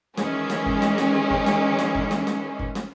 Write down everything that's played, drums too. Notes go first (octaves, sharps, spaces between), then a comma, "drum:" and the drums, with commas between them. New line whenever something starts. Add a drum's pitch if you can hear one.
D#3 E3 G#3 C#4, drum: snare
drum: snare
drum: kick G1
drum: snare
drum: snare
drum: kick G1
drum: snare
drum: snare
drum: kick G1
drum: snare
drum: snare
drum: kick G1
drum: snare